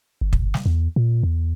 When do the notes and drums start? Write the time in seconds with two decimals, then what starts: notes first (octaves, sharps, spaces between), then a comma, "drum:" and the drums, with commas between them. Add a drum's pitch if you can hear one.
0.21 G1
0.33 drum: kick
0.54 drum: snare
0.66 E2
0.96 A#2
1.23 E2